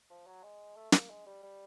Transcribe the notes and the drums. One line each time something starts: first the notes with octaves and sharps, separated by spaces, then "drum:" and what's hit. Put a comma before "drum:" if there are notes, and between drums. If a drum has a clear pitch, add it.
F3
F#3
G#3
A3
A#3, drum: snare
G#3
G3
G3